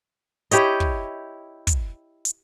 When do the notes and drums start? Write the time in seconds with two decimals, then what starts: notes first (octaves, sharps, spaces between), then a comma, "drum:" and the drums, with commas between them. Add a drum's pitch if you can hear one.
0.51 E4 G4 C#5 D#5, drum: hi-hat
0.80 drum: kick
1.67 drum: kick, hi-hat
2.25 drum: hi-hat